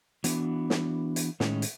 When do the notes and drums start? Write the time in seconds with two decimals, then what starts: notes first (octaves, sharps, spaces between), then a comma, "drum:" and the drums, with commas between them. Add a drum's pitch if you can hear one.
0.24 E3 B3 D4 F#4, drum: hi-hat
0.70 drum: snare
1.16 drum: hi-hat
1.40 A2 D#3 G#3 C#4 D#4, drum: snare
1.62 drum: hi-hat